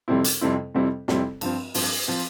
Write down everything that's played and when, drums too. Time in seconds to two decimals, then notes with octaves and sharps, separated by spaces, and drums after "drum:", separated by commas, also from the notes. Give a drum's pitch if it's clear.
0.08 F2 C3 G3 C4 E4
0.24 drum: hi-hat
0.41 F2 C3 G3 C4 E4
0.75 F2 C3 G3 C4 E4
1.08 F2 C3 G3 C4 E4, drum: snare
1.41 G2 F3 C4, drum: cymbal
1.74 G2 F3 C4, drum: open hi-hat
2.08 F3 C4